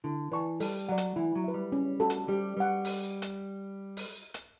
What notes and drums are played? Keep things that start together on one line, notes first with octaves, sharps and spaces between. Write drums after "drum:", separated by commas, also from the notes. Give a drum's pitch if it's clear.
D3 E4
E3 B4 D5 A5 C#6
G3 A4, drum: open hi-hat
F#3 D5 F#5
drum: hi-hat
E3 E4
F#3
B4 E5
G3
C#4
F#4 A4
drum: hi-hat
G3 G4
G3 B4 F#5
drum: open hi-hat
drum: hi-hat
drum: open hi-hat
drum: hi-hat